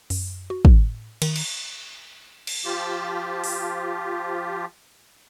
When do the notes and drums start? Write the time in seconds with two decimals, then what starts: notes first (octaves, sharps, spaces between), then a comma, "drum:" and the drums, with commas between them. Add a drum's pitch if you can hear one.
0.10 F#2, drum: open hi-hat
0.50 F#4
0.65 A2, drum: kick
1.22 D#3, drum: cymbal
1.36 drum: cymbal
2.47 drum: cymbal
2.65 F3 F4 G4
3.44 drum: open hi-hat